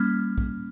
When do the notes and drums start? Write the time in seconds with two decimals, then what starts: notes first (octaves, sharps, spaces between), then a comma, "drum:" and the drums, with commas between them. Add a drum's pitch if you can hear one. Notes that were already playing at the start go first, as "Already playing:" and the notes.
Already playing: G3 A#3 C#4 F6
0.38 drum: kick